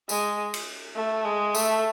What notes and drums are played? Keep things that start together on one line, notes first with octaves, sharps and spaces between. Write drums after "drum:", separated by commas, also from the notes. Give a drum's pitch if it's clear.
G#3, drum: tambourine
drum: cymbal
A3
G#3
A3, drum: tambourine